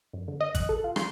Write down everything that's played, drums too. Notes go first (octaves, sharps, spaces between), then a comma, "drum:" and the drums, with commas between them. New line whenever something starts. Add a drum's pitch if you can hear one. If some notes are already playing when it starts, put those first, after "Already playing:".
F#2
D3
D#5
F#6, drum: kick G#1, hi-hat
A4
F4
C6, drum: rim click